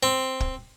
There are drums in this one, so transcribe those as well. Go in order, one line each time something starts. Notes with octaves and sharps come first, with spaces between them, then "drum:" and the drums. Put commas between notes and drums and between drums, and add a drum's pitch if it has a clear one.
C4
drum: kick